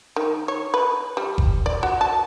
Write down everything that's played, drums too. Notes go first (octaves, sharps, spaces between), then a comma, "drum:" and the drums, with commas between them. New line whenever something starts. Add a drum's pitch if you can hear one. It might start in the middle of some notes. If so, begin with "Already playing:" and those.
D#3
C#5
B4
G3
drum: kick F#1
D5
F#4
A5